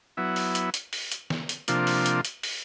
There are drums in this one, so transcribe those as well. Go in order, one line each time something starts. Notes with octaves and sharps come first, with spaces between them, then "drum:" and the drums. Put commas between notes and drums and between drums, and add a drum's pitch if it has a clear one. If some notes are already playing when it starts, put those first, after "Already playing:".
F#3 B3 E4
drum: open hi-hat
drum: hi-hat
drum: hi-hat
drum: open hi-hat
drum: hi-hat
drum: snare
drum: hi-hat
C3 F3 A#3 D4 F4, drum: hi-hat
drum: open hi-hat
drum: hi-hat
drum: hi-hat
drum: open hi-hat